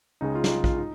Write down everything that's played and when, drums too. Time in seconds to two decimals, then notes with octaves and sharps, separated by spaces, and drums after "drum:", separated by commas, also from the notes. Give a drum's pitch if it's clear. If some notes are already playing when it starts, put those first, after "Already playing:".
0.21 C#2 C#3 G#3 D#4
0.35 F4
0.44 D#4, drum: snare
0.50 F4
0.64 F4, drum: kick
0.78 D#4